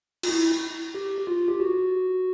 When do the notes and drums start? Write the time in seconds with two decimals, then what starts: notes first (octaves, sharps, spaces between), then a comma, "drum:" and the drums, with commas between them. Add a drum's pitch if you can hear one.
0.23 F4, drum: cymbal
0.28 E4
0.95 G4
1.27 F4
1.48 G4
1.60 F#4